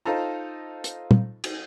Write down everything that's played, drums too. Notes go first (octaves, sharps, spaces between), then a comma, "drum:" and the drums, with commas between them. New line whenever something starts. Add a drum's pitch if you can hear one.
D#4 F4 A4 C5 A5 A#5
drum: hi-hat
drum: tom A#2
drum: cymbal